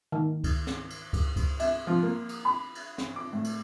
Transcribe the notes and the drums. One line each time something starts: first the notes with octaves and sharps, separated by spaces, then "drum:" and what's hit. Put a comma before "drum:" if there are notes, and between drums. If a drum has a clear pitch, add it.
D#3
drum: kick C#2, cymbal
drum: snare
drum: cymbal
drum: kick C#2, cymbal
drum: kick C#2, cymbal
E5, drum: cymbal
F3
A#3
drum: cymbal
B5
drum: cymbal
drum: snare
D6
A2
drum: cymbal